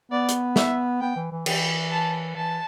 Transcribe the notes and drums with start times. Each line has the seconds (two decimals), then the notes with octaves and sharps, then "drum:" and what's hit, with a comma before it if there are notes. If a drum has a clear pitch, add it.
0.12 B3 D5
0.29 drum: hi-hat
0.56 E5, drum: snare
1.01 B3 G5
1.16 E3
1.32 E3
1.46 E3 G5, drum: cymbal
1.91 A5
2.36 E3 A5